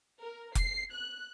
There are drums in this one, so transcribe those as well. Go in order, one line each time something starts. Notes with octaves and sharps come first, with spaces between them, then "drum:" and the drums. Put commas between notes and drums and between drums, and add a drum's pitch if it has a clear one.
A#4
C7, drum: kick F1, hi-hat
F#6